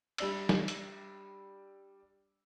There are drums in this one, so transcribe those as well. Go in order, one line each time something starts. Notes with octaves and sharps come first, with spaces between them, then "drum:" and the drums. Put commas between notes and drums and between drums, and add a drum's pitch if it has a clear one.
G3 D4 E6, drum: cymbal
drum: snare
drum: hi-hat